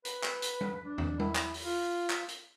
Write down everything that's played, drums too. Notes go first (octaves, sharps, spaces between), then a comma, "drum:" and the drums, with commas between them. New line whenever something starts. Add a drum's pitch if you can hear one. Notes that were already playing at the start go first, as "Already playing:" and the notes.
B4, drum: hi-hat
drum: clap
drum: hi-hat
drum: tom G3
D4
drum: tom
E4, drum: tom G3
drum: clap
drum: open hi-hat
F4
drum: clap
drum: hi-hat